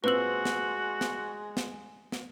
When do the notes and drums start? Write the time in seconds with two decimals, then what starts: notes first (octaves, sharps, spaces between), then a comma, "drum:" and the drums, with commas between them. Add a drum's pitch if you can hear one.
0.04 A#2 G#3 C4 F#4 B4 E6 F#7
0.45 drum: snare
1.01 drum: snare
1.57 drum: snare
2.12 drum: snare